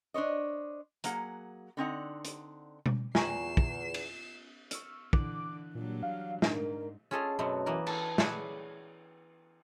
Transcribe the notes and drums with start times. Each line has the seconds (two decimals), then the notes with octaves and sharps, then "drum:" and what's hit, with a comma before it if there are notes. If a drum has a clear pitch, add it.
0.14 D4 C5 C#5 D#5
1.04 F#3 A#3 G#4 F#5, drum: hi-hat
1.77 D3 C4 D#4 F#5
2.25 drum: hi-hat
2.86 drum: tom B2
3.15 E2 F4 G#5 A#5 C#6 C7 E7, drum: snare
3.57 drum: kick
3.94 drum: cymbal
4.71 C#6 E6 F6, drum: hi-hat
5.13 D3 E3 D6 F#6, drum: kick
5.75 A#2 F#3 G3 D4
6.03 F5
6.42 G#2 D4 D#4 A#4, drum: snare
7.11 C#4 F4 G#4 A4 D#5 F5
7.39 F#2 B2 F#3 A3 B3 C4
7.66 E3 A#3 B3 A#4
7.87 A4, drum: cymbal
8.18 G#4 B4 C#5 D5 E5 F#5, drum: snare